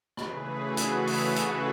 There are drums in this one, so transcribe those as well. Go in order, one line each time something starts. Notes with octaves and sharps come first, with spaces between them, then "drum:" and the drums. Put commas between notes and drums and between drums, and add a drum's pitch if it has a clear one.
C#3 E3 A3 G#4 B4, drum: rim click
F#4 A4
drum: hi-hat
F#4, drum: open hi-hat
drum: hi-hat